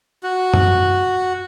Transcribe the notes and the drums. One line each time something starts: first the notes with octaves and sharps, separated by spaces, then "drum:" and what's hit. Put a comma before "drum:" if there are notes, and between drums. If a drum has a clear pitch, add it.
F#4
drum: tom F#2